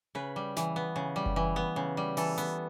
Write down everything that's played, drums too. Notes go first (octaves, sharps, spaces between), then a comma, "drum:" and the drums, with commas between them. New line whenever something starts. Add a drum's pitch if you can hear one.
C#3 B4
G3
E3, drum: snare
B3
C#3
G3
drum: kick F#1
E3
B3
C#3
G3
E3 A4, drum: open hi-hat
B3, drum: hi-hat